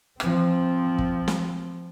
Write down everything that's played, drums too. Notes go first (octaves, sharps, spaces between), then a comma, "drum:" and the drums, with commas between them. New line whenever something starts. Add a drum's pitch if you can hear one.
F3 C4, drum: rim click
drum: kick
drum: snare